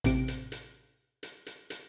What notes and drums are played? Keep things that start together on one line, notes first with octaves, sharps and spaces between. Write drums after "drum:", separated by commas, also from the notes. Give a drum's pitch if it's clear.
A1 C3 D7, drum: hi-hat
drum: hi-hat
drum: hi-hat
drum: hi-hat
drum: hi-hat
drum: hi-hat